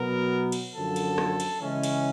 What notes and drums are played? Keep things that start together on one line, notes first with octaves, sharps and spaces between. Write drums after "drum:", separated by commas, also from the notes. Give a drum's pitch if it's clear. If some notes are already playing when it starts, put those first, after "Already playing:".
Already playing: B2 F#3 B3 A#4
drum: cymbal
F#2 D3 F3 A4
drum: cymbal
drum: rim click
drum: cymbal
C#3 E3 G#3 C#4
drum: cymbal